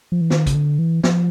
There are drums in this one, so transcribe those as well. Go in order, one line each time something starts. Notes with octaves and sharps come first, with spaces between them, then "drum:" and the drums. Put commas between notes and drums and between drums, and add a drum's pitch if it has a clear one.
F3
E3
D#3, drum: snare
C#3, drum: kick, hi-hat
D3
E3
F3, drum: snare